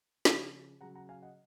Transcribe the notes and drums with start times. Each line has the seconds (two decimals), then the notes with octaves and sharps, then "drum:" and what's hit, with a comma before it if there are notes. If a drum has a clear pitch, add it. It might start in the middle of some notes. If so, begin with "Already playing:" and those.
0.25 C#3 F3 G#5 B5, drum: snare
0.81 C#3 F#3 F#5 A#5
0.95 F#5 A#5
1.09 F5 G#5
1.22 D#5 F#5